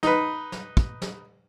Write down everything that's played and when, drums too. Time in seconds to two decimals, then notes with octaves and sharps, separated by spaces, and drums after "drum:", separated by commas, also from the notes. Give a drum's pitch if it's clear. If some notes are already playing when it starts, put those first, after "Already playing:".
0.03 D#4 B4, drum: snare
0.52 drum: snare
0.77 drum: kick
1.02 drum: snare